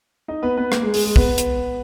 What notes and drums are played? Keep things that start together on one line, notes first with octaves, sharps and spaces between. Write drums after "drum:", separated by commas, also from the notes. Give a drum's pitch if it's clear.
D#4 D#5
B3 B4
B3 B4
A#3 A#4, drum: rim click
G#3 G#4
G#3 G#4, drum: open hi-hat
G#3 G#4
B3 B4, drum: kick
drum: hi-hat